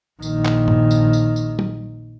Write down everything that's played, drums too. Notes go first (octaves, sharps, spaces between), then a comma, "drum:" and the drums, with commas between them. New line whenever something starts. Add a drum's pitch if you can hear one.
A#1 D#3, drum: tambourine
drum: clap
drum: tom G2
drum: tambourine
drum: tambourine
drum: tambourine
drum: tom F#3